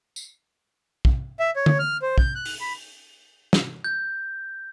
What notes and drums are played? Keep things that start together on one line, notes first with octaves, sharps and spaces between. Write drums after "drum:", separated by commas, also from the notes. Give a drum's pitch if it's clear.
drum: tambourine
drum: kick
E5
C#5
drum: tom D3
F6
C5
G6, drum: kick
F#6
drum: open hi-hat
B5
drum: snare
G6